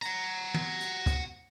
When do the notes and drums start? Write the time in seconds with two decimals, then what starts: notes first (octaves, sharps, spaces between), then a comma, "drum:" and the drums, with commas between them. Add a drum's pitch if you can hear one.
0.02 F#5 A#5, drum: hi-hat
0.54 drum: tom
0.80 drum: hi-hat
1.06 drum: kick, hi-hat